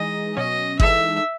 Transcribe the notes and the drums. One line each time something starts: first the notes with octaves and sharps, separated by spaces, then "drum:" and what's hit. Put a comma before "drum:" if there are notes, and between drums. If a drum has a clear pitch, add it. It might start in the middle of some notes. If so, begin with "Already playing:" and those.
Already playing: E3 G#3 D#4 G#4 D#5
B2 F#3 C#4 D#5
E3 G#3 D#4 A4 E5, drum: kick G1